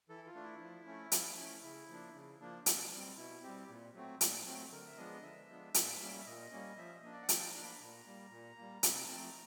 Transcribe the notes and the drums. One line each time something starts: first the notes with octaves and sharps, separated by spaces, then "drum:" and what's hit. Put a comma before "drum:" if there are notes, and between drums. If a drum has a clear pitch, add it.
E3 A4
E4
F4
A3 D4
E4
F3
A3 C#4
F3, drum: hi-hat
A3 C#4
C#3 E4
F3 A#3 D4
C#3
F3 A#3 D4
B2, drum: hi-hat
G3 C4
B2 E4
G3 C4 G4
A#2
F#3 A3 C4
A#2, drum: hi-hat
F#3 A3 C4
D3 A#4
E5
F3 G#3 B3 D4 D#5
D3 E5
F3 G#3 B3 D4
A#2, drum: hi-hat
G3 A#3 C#4
E5
A#2 D#5
G3 A#3 C#4
F3 E5
D#5
A#3 D4
D5
F#5
F3 G5, drum: hi-hat
A5
A#5
A#3 D4
B5
A#2 A#5
G3 A#3
A#2
G3 A#3
C3 B5, drum: hi-hat
A#5
F3 A3 C4 A5
A#5